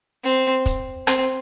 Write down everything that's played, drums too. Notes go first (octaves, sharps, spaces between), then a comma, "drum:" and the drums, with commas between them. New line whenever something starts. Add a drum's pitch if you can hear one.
C4, drum: hi-hat
drum: kick, hi-hat
C4, drum: rim click